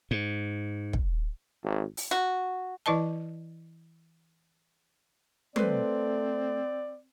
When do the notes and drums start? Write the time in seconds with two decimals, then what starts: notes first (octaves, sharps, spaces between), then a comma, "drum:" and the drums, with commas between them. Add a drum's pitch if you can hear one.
0.11 G#2
0.93 drum: kick
1.64 G#1
1.97 drum: open hi-hat
2.11 F#4
2.86 E3 E4 B4 D#5 A5
5.56 A3 C4 B4 C5 D5, drum: tom